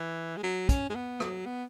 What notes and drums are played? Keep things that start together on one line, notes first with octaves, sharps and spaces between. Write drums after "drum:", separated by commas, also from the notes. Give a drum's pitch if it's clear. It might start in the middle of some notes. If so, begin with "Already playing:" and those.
Already playing: E3
G#3
F#3
C#4, drum: kick, hi-hat
G#3
B3
F#3, drum: rim click
B3